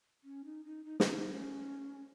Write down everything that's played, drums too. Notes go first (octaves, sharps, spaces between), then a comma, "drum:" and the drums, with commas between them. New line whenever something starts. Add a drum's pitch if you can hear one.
C#4
D#4
D#4
D#4
C#4, drum: snare
D#4
C#4